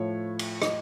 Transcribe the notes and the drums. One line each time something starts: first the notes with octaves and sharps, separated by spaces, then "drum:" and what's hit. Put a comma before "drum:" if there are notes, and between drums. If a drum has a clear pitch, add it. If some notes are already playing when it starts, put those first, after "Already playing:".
Already playing: A2 F3 A3 C#5
drum: cymbal
D#5, drum: rim click